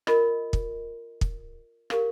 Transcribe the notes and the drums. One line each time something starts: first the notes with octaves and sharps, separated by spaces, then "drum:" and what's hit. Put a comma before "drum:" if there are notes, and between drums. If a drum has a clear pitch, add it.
F4 A#4 D#5, drum: rim click
drum: kick
drum: kick
G4 A#4 F5, drum: rim click